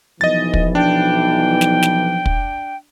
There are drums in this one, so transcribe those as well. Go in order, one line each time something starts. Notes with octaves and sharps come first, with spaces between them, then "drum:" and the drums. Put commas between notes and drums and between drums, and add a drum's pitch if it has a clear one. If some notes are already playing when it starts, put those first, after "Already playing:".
B1 E3 F3 D#5 A6
drum: kick
D4 G5
drum: snare
drum: snare
drum: kick